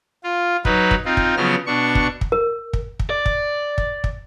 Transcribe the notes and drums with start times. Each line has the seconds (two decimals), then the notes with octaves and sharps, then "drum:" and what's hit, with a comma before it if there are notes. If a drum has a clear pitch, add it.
0.24 F4
0.65 F#3 D#4 B4, drum: kick
0.91 drum: kick
1.05 C4 D#4 F4
1.17 drum: kick
1.36 C#3 F3 F#3 B3 F6
1.66 B2 D4 C#6
1.95 drum: kick
2.21 drum: kick
2.32 A#4
2.73 drum: kick
3.00 drum: kick
3.10 D5
3.26 drum: kick
3.78 drum: kick
4.04 drum: kick